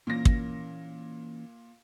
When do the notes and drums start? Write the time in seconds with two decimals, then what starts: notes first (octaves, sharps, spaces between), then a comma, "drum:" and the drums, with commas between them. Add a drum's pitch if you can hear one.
0.07 A#2 E3 A#3 C#4 A#6
0.25 drum: kick